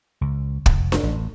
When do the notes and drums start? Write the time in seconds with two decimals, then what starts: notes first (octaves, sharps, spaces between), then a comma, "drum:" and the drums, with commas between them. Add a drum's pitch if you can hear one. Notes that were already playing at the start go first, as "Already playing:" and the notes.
0.21 C#2
0.66 F1, drum: kick
0.92 drum: snare D4
1.03 A1